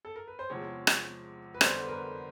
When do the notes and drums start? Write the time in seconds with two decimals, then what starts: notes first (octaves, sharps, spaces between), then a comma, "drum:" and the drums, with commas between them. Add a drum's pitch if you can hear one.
0.05 A4
0.16 A#4
0.27 B4
0.39 C5
0.50 E2 C3 F3 G#3 C#5
0.87 drum: rim click
1.54 B4
1.61 F2 D3 G3 B3 C5, drum: rim click
1.84 B4
1.89 A#4